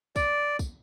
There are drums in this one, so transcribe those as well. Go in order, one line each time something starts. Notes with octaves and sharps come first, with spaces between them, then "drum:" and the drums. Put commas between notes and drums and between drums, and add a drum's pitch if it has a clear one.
D5, drum: kick, tambourine
drum: kick, tambourine